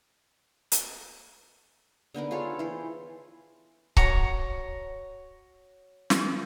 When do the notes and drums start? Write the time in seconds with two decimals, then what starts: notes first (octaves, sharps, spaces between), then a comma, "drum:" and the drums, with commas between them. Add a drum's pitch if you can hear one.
0.72 drum: hi-hat
2.14 D3 B3 D#4 A#4
2.31 F4 G#4 A4 C#5
2.59 E3 C5
3.97 F#4 C#5 A#5, drum: kick C#1
6.10 drum: snare